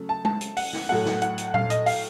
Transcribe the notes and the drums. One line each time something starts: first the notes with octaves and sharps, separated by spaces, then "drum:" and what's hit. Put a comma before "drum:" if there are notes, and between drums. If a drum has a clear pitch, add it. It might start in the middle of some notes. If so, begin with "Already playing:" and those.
Already playing: C#3 F#3 A3
A5
A5, drum: tom G#3
drum: hi-hat
F#5, drum: open hi-hat
drum: snare
A2 F#3 A3 F#5
drum: snare
F#5, drum: hi-hat
drum: hi-hat
F5, drum: tom
D#5, drum: hi-hat
F5, drum: open hi-hat